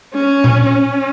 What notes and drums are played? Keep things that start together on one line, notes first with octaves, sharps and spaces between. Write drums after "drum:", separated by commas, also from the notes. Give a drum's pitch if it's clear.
C#4
drum: tom A#2
C#4